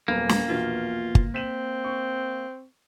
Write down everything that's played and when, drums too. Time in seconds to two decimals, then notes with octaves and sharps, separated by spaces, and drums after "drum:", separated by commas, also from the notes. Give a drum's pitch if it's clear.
0.08 D#1 F#2 A#3 B3
0.29 drum: snare
0.49 A#1 E2 B2 F4
1.15 drum: kick G1
1.34 C4 B6 E7 F#7
1.84 C#6